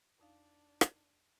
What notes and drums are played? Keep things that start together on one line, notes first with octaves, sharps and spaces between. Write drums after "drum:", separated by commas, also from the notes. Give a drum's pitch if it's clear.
F2 D4 D#4 F5
drum: rim click